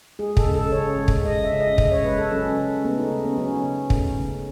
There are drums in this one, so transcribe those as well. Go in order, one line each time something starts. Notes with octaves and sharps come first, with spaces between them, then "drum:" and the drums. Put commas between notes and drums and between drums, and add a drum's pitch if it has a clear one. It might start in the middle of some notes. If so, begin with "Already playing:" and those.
G#3 G#4
A4, drum: kick
C#3
A4
C#3 C#5
G#3
drum: kick
G#3 D#5
E5
C#3
D#5
C#3 D#5, drum: kick
C#5
G#3 B4
A4
F#3 C#4
C#3
A3 B3
D#4
C#3 C#4
B3
F#3 C#4
C#3
A3, drum: kick
C#3